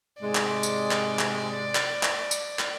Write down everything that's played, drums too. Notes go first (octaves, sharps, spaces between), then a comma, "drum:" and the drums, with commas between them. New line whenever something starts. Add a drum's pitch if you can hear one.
G#2 C3 G#3 D5
drum: clap
drum: tambourine
drum: clap
drum: clap
drum: clap
drum: clap
drum: tambourine
drum: clap